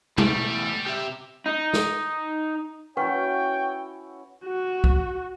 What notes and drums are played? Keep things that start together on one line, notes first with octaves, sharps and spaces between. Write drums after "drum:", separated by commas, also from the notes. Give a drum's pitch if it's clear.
E2 G3 A3, drum: tom B2
G4 E5
D#4
drum: snare
C#4 E4 F#4 B4 C#5 F#5 G5 C#6
F#4
drum: kick